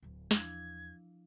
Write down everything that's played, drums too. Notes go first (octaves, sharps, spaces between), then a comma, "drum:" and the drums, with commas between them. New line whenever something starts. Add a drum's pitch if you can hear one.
D1 D2
E2 F3 D4 E4 G#6, drum: snare